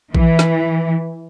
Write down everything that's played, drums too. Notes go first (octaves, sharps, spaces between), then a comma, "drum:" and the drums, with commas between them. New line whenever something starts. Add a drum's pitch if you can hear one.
E3, drum: kick A#1
drum: snare